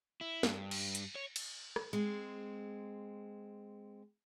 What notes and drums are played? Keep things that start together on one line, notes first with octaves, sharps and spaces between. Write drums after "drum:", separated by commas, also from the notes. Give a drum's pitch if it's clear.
E4
G2, drum: snare
drum: cymbal
drum: hi-hat
C#5
drum: cymbal
drum: rim click
G#3 C4